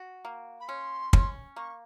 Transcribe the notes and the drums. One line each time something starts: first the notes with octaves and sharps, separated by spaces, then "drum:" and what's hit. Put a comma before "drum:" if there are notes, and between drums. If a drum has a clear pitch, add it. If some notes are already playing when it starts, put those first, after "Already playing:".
Already playing: F#4
A#3
B5
C#4 C6
C#4, drum: kick
A#3 C#6